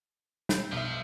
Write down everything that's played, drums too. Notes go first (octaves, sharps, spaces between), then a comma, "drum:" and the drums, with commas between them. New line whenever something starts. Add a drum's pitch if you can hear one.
G3 G6, drum: snare
B1 F3 E5